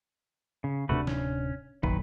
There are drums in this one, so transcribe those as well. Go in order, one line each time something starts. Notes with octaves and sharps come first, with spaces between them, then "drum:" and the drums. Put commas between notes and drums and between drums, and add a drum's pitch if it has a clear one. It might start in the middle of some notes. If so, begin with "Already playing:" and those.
C#3
D1 C3 A3 D4 F#4 B4
C#4, drum: snare
F1 F#2 A#2 D#3 B4, drum: kick